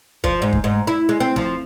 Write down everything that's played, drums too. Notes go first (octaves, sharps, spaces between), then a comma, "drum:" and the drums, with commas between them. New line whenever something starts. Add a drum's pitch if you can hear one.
F3, drum: kick
G#2
drum: kick
G#2
E4
G#3
C4
F3, drum: snare